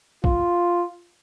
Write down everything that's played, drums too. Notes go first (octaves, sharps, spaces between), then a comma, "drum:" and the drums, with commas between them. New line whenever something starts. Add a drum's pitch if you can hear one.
F4, drum: kick